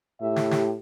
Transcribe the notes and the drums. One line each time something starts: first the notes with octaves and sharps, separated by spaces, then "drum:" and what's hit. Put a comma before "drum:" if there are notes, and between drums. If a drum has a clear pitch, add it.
A2 G4 E5
drum: snare
drum: snare